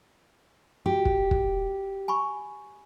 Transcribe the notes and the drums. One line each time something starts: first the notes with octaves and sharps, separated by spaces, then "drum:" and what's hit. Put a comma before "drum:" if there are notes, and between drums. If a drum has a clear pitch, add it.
F#4 G4
drum: kick
drum: kick
G#5 B5 C#6